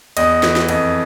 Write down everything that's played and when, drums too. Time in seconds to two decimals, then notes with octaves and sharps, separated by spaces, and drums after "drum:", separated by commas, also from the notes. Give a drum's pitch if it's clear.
0.17 E2 D#5, drum: cymbal
0.43 E3, drum: snare
0.56 drum: snare
0.69 F2 D#5, drum: cymbal